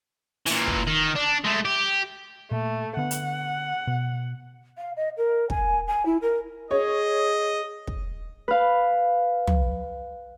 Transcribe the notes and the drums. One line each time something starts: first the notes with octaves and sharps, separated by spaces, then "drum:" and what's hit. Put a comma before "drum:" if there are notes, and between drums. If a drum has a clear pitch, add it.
A#2 E3, drum: open hi-hat
drum: kick
D#3
D4
G#3 A3
G4
A#2 A3
D3 B3 F#5
drum: hi-hat
B2
F5
D#5
A#4
G#5, drum: kick
G#5
E4
A#4
G#4 C#5 D#5
drum: kick
B4 F5
drum: tom